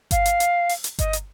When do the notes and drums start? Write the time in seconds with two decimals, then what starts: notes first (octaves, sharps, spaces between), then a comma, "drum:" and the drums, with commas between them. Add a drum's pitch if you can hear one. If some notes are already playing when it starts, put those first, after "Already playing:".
0.11 F5, drum: kick G1, hi-hat
0.26 drum: hi-hat
0.40 drum: hi-hat
0.69 drum: open hi-hat
0.84 drum: hi-hat
0.99 D#5, drum: kick G1, hi-hat
1.13 drum: hi-hat